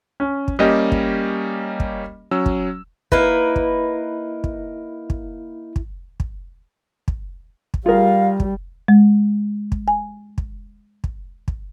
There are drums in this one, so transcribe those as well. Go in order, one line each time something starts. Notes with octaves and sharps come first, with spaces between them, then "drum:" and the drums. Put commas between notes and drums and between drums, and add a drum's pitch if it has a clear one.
C#4
drum: kick
G3 A#3 C#4 G4 D#5
drum: kick
drum: kick
F#3 C#4 E6
drum: kick
A#3 D#4 E4 B4, drum: kick
drum: kick
drum: kick
drum: kick
drum: kick
drum: kick
drum: kick
drum: kick
G3 F4 G#4 A#4 F5
drum: kick
G#3
drum: kick
G#5
drum: kick
drum: kick
drum: kick